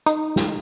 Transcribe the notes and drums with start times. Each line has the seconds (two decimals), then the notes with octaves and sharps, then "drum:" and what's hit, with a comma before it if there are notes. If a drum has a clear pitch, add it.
0.06 D#4, drum: hi-hat
0.36 drum: snare